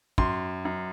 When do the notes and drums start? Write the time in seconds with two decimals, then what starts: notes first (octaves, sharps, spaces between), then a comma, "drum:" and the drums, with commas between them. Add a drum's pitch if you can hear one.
0.18 F#2 C6, drum: kick
0.65 F#2